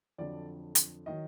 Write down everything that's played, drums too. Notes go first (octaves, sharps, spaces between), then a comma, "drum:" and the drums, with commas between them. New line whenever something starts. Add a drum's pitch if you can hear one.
F2 D3 F#3 D5
drum: hi-hat
D#3 F#3 D#5